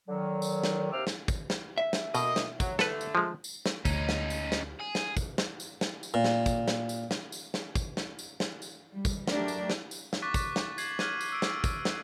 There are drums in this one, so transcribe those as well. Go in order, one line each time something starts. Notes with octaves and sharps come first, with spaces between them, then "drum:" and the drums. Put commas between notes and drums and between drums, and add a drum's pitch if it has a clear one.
D3 D#3 F#3
drum: tambourine
drum: snare
D#2 C3 C5 D6 E6 F6
drum: snare
drum: kick, tambourine
drum: snare
E5
drum: snare
D2 B2 A#3 D#5, drum: tambourine
drum: snare
F#3, drum: kick, tambourine
D3 A3 A4 B4, drum: snare
drum: tambourine
F3 G#3
drum: tambourine
drum: snare
D2 C#4 D#4, drum: kick, tambourine
drum: snare
drum: tambourine
drum: snare
G#4
drum: snare
drum: kick, tambourine
drum: snare
drum: tambourine
drum: snare
drum: tambourine
A#2
drum: snare
drum: kick, tambourine
drum: snare
drum: tambourine
drum: snare
drum: tambourine
drum: snare
drum: kick, tambourine
drum: snare
drum: tambourine
drum: snare
drum: tambourine
G3
drum: kick, tambourine
F#3 A3 D4 G4 A#4, drum: snare
drum: tambourine
drum: snare
drum: tambourine
drum: snare
C#6 D6 F#6 A6 B6
drum: kick, tambourine
drum: snare
G#6 C7 F#7, drum: tambourine
F6 F#6 G#6 D#7, drum: snare
drum: tambourine
E6 D7
drum: snare
drum: kick, tambourine
drum: snare